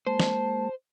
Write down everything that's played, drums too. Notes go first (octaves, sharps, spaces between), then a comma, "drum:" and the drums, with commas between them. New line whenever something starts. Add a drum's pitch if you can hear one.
G#3 A#3 C5 A5
drum: snare